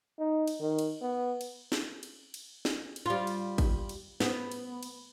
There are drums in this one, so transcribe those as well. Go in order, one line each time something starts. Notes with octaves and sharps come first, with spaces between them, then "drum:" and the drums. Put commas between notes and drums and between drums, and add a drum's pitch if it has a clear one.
D#4
drum: cymbal
D#3
drum: cymbal
B3
drum: cymbal
drum: snare
drum: cymbal
drum: cymbal
drum: snare
drum: cymbal
G3 F4
drum: cymbal
drum: kick G#1, cymbal
drum: cymbal
B3, drum: snare
drum: cymbal
drum: cymbal